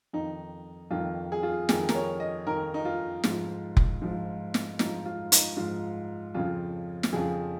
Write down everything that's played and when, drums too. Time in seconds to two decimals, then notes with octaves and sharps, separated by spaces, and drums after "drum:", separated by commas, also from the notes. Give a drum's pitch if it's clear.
0.13 F2 D#3 D#4
0.91 F2 D#3 F4
1.32 G#4
1.43 F4
1.69 F2 D#3 G#4, drum: snare
1.89 A#4, drum: snare
1.95 C#5
2.20 D#5
2.47 F2 D#3 A#4
2.74 D#4
2.85 F4
3.24 G#2 F3, drum: snare
3.77 drum: kick F1
4.01 G#2 F3
4.54 drum: snare
4.79 G#2 F3 D#4, drum: snare
5.05 F4
5.32 D#4, drum: hi-hat
5.57 G#2 F3 F4
6.34 F2 C#3 F3 F4
7.03 drum: snare
7.12 F2 C#3 F3 G#4